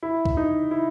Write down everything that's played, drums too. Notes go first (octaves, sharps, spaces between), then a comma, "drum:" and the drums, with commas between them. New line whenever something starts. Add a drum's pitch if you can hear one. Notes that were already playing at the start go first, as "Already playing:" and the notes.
E4
drum: kick C#2
D#4
E4